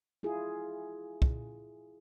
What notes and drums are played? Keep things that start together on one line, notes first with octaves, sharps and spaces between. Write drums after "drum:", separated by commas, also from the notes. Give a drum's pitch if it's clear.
E4 F4 G#4
drum: kick